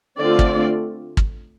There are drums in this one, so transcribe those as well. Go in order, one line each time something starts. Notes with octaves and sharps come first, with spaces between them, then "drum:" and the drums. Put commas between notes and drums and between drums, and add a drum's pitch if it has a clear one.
D3 A3 C4 F4 D5
drum: kick
drum: kick